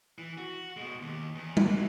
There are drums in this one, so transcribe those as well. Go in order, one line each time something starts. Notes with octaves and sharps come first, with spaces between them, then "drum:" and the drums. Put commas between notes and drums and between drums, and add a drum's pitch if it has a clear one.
E3
F#4
B2 G#3
D#2
E2
drum: tom G3
F#3 A#3